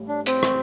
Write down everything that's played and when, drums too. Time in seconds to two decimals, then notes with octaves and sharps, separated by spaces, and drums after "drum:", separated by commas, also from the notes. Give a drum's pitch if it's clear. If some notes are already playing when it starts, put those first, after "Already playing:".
Already playing: A1 A2 G3
0.08 D4
0.26 C4, drum: hi-hat
0.43 drum: rim click